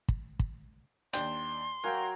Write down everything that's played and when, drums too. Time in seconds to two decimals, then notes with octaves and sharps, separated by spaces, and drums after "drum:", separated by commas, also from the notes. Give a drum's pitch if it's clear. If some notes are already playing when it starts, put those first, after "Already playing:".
0.08 drum: kick
0.39 drum: kick
1.13 D#2 D4 G5 C6, drum: hi-hat
1.84 F#3 F#4 A#4 F5 G5 G#5